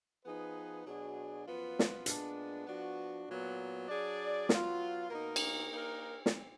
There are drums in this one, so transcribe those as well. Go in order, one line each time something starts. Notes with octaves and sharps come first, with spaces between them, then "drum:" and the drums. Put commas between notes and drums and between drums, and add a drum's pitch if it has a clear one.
F3 B3 D#4 G#4 B4
B2 F#3 D4 G#4
F#2 F3 B3 F4 B4
drum: snare
A#2 G#3 B3 D4, drum: hi-hat
F3 B3 D4 F#4
A#2 F#3 B3
F#3 D4 G#4 D5
F#3 B3 F4, drum: snare
B2 A#3 D#4 A#4
drum: cymbal
A#3 D#4 A#4
drum: snare